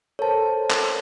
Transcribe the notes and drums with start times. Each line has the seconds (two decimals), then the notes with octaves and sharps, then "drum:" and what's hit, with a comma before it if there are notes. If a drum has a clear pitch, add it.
0.19 A4 A#4 C5 C#5 A5
0.70 drum: clap